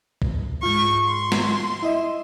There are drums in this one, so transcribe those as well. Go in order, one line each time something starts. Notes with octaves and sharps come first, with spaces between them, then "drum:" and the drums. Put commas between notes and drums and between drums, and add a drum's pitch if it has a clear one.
drum: kick
G#2 F4 C#6
C6
drum: snare
E4 D#5 E5